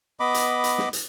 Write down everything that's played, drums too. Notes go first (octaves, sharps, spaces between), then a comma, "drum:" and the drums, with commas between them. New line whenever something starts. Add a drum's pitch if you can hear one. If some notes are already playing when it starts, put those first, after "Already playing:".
B3 D#5 B5 D6
drum: hi-hat
drum: hi-hat
drum: snare
drum: hi-hat